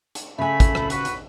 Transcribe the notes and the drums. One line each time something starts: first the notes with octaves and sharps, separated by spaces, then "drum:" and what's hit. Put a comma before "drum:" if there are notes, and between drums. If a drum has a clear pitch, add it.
drum: hi-hat
C#3 A3 G#5 B5
drum: kick, hi-hat
drum: rim click
F#4 B4, drum: hi-hat
drum: hi-hat